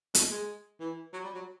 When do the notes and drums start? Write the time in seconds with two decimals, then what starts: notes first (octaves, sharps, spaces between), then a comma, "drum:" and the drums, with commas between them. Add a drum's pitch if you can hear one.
0.15 A3, drum: hi-hat
0.31 G#3
0.80 E3
1.13 F#3
1.24 G3
1.34 F#3